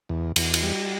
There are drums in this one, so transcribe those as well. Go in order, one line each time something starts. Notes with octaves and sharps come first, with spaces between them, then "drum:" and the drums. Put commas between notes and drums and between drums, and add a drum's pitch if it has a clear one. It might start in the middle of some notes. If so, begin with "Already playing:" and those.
E2
E2, drum: cymbal
drum: cymbal
G3